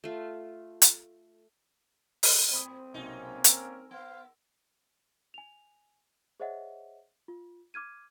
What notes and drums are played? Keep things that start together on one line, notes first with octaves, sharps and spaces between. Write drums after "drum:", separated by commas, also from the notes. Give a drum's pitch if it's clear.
A3 F4
drum: hi-hat
drum: open hi-hat
A2 C4 C5 B5 D#6
B1 G#2 C3 A#3 C#4 D#4
A#4 G#5 A#5 E6, drum: hi-hat
B3 C5 F5
G#5 F7
G#4 C5 C#5 D#5 E5 F#5
F4
D6 F6 G#6 D#7